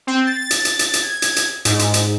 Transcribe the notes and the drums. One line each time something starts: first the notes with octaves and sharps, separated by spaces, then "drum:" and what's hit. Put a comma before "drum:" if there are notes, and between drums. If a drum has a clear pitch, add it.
C4
A6
drum: hi-hat
drum: hi-hat
drum: hi-hat
drum: hi-hat
G#6
drum: hi-hat
drum: hi-hat
G#2, drum: hi-hat
drum: hi-hat
drum: hi-hat